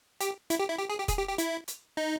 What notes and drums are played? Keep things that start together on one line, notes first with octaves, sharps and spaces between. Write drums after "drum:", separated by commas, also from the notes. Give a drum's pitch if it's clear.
G4, drum: hi-hat
E4, drum: hi-hat
G4
E4
G4
G#4
G4
G#4, drum: kick, hi-hat
G4
G4
E4, drum: hi-hat
drum: hi-hat
D#4